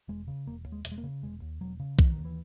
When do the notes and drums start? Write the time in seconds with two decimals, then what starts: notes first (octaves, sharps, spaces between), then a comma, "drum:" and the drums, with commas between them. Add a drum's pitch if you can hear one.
0.08 E1 G#3
0.28 C#3
0.47 E1 A#3
0.66 D#2
0.72 G#3
0.85 E1, drum: hi-hat
0.92 G#3
0.98 A#3
1.04 C#3
1.23 E1 G#3
1.42 D#2
1.61 E1 F#3
1.80 C#3
1.99 E1 E3, drum: kick B1
2.12 D#3
2.17 D#2
2.25 E3